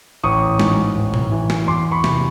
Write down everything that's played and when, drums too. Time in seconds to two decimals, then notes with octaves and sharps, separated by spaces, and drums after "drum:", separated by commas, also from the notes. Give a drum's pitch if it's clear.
0.23 A1 C#6 D#6
0.60 G#2, drum: snare
0.95 A1
1.14 drum: tom B2
1.32 E3
1.50 drum: snare
1.68 E2 C6 D6
1.92 B5 C#6
2.04 C3, drum: snare